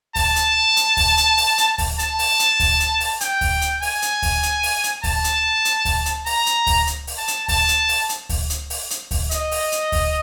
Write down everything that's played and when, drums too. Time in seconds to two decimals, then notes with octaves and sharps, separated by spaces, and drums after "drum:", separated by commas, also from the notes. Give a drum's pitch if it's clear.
0.16 A5, drum: kick D2, open hi-hat
0.36 drum: hi-hat
0.77 drum: hi-hat
0.97 drum: kick D2, open hi-hat
1.17 drum: hi-hat
1.38 drum: open hi-hat
1.58 drum: hi-hat
1.78 drum: kick D2, open hi-hat
1.99 A5, drum: hi-hat
2.19 drum: open hi-hat
2.39 drum: hi-hat
2.60 drum: kick D2, open hi-hat
2.80 drum: hi-hat
3.00 drum: open hi-hat
3.21 G5, drum: hi-hat
3.41 drum: kick D2, open hi-hat
3.61 drum: hi-hat
3.82 G#5, drum: open hi-hat
4.02 drum: hi-hat
4.22 drum: kick D2, open hi-hat
4.43 drum: hi-hat
4.63 drum: open hi-hat
4.83 drum: hi-hat
5.04 A5, drum: kick D2, open hi-hat
5.24 drum: hi-hat
5.65 drum: hi-hat
5.85 drum: kick D2, open hi-hat
6.06 drum: hi-hat
6.26 A#5, drum: open hi-hat
6.46 drum: hi-hat
6.67 drum: kick D2, open hi-hat
6.87 drum: hi-hat
7.07 drum: open hi-hat
7.18 A5
7.28 drum: hi-hat
7.48 A5, drum: kick D2, open hi-hat
7.68 drum: hi-hat
7.89 drum: open hi-hat
8.09 drum: hi-hat
8.29 drum: kick D2, open hi-hat
8.50 drum: hi-hat
8.70 drum: open hi-hat
8.90 drum: hi-hat
9.11 drum: kick D2, open hi-hat
9.31 D#5, drum: hi-hat
9.51 drum: open hi-hat
9.72 drum: hi-hat
9.92 drum: kick D2, open hi-hat